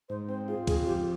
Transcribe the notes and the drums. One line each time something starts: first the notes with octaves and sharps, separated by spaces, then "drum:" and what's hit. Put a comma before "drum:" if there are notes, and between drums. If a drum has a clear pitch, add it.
G#2 C5
C4 C5
F4 G#4
C4 G#4, drum: kick, cymbal
F3 G4